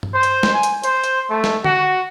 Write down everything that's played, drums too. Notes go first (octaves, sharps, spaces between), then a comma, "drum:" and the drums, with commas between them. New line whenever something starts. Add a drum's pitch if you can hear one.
drum: tom G2
C5
drum: hi-hat
drum: snare
G#5
drum: hi-hat
C5, drum: hi-hat
drum: hi-hat
A3
drum: snare
F#4, drum: tom D3